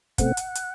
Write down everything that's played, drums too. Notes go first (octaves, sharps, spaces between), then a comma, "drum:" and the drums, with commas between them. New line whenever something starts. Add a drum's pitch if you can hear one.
B2 A3 C4 F#5, drum: kick, hi-hat
drum: hi-hat
drum: hi-hat